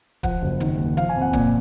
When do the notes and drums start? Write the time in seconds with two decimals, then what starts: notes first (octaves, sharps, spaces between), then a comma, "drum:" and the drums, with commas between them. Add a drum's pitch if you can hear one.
0.23 F3 F#5, drum: kick, hi-hat
0.42 F#1
0.60 D#3, drum: hi-hat
0.78 D#2
0.97 F3 F5, drum: hi-hat
1.09 G#5
1.15 F2
1.21 F#5
1.33 A#2, drum: kick, hi-hat